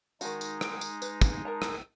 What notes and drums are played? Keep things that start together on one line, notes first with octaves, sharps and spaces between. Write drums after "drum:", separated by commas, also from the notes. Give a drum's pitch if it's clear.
D#3 G#3 D#4 F#4, drum: tambourine
drum: tambourine
drum: rim click
drum: tambourine
B4, drum: tambourine
drum: kick, tambourine
A#4 A5 A#5
drum: rim click